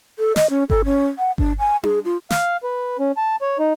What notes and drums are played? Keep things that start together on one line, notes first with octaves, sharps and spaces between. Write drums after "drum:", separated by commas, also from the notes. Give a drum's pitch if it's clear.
A4
D#5, drum: snare
C#4
A4, drum: kick G1
C#4
F#5
D4, drum: kick G1
G#5
G#4, drum: tom D4
F4
F5, drum: snare
B4
C#4
A5
C#5
D#4